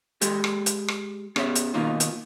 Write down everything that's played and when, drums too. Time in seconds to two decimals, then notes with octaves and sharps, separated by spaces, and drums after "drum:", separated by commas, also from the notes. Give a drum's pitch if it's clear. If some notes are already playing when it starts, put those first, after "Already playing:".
0.21 G#3 G4 A4, drum: hi-hat
0.44 drum: rim click
0.66 drum: hi-hat
0.88 drum: rim click
1.36 B3 C#4 G#4 C#5 D5 E5, drum: rim click
1.55 drum: hi-hat
1.74 B2 D#3 A#3 D#4 F4 F#4
2.00 drum: hi-hat